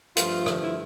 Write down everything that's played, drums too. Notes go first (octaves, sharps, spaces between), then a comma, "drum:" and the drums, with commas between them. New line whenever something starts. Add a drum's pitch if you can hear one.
G2 F3 A3 F4, drum: hi-hat
drum: rim click
E4